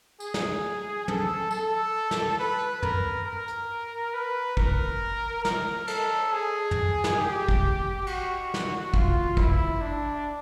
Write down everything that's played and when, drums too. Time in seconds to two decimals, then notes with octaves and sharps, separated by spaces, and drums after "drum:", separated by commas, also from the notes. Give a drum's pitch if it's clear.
0.20 G#4, drum: tambourine
0.34 drum: snare
1.08 A4, drum: tom
1.51 A4, drum: tambourine
2.11 drum: snare
2.39 B4
2.83 A#4, drum: tom
3.27 A#4
3.48 drum: hi-hat
4.14 B4
4.57 A#4, drum: kick
5.45 A#4, drum: snare
5.87 A4, drum: cymbal
6.32 G#4
6.71 drum: tom
7.04 drum: snare
7.19 G4
7.49 drum: kick
8.07 F#4, drum: cymbal
8.54 drum: snare
8.94 F4, drum: kick
9.37 E4, drum: kick
9.82 D4